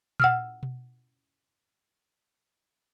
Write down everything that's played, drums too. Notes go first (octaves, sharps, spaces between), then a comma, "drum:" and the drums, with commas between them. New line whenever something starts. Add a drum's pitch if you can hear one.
F#5 E6 F6, drum: tom A#2
drum: tom B2